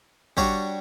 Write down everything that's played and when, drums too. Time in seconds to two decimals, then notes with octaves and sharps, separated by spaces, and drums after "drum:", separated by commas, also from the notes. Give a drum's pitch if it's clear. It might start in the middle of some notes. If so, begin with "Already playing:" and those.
0.37 G3 D4 F#4 C#5, drum: kick